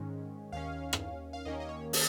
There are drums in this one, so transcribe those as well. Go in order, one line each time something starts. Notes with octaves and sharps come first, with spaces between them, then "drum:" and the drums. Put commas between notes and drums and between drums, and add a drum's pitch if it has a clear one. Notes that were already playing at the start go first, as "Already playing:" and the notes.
Already playing: G#2 D#3 G#3 C#4
D#2 D#3 C#4 F5
drum: rim click
F5
D#2 D#3 A#3 C#4 D#5
D#5
C#5
G#4, drum: open hi-hat